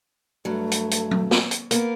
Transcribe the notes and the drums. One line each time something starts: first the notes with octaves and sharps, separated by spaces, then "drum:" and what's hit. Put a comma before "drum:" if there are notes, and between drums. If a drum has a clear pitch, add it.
G2 F#3 A3
drum: hi-hat
drum: hi-hat
drum: tom F#3
drum: snare
drum: hi-hat
A#3 B3 A#4, drum: hi-hat